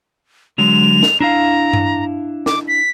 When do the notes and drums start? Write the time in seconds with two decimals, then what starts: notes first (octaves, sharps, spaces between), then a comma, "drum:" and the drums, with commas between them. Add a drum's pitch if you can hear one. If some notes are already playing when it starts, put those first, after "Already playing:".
0.58 D3 F#3 G#3 F7
1.03 drum: snare
1.20 D4 E4 F5 A#5
1.73 drum: tom G2
2.46 D6, drum: snare
2.68 B6